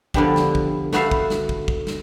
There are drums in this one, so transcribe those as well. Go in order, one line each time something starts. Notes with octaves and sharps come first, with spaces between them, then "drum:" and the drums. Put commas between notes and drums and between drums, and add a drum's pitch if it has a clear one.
D3 F3 B3 D4 G4, drum: kick
drum: snare
drum: kick
A3 B3 F#4 B4 E5 F5, drum: snare
drum: kick
drum: snare
drum: kick
drum: kick
drum: snare